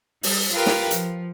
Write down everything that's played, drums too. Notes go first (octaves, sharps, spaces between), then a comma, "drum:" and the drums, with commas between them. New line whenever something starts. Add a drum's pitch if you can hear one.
G3, drum: open hi-hat
F4 G4 A#4 B4 F5 G5
drum: snare
F3, drum: hi-hat